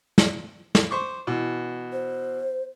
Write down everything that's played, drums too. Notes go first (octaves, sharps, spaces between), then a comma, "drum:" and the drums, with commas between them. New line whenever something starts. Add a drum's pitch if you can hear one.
drum: snare
drum: snare
C5 C#6 D6
B2 E3
C5